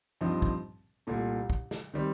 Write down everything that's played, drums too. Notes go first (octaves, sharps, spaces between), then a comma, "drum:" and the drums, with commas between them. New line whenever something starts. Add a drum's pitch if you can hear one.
G2 F3 C4 D#4
drum: kick
C2 A#2 A3
drum: kick
drum: snare
D#3 G3 C4